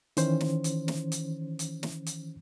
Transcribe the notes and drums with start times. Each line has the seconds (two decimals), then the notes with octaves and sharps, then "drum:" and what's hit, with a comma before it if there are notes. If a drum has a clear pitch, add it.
0.17 D#3 E3 C#4 C5, drum: hi-hat
0.40 drum: snare
0.64 drum: hi-hat
0.88 drum: snare
1.12 drum: hi-hat
1.59 drum: hi-hat
1.83 drum: snare
2.06 drum: hi-hat